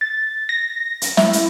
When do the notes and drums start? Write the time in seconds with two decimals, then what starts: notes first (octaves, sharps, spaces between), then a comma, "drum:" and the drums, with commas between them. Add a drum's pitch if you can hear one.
0.01 A6
0.49 A#6
1.02 drum: hi-hat
1.17 E4, drum: snare
1.33 drum: hi-hat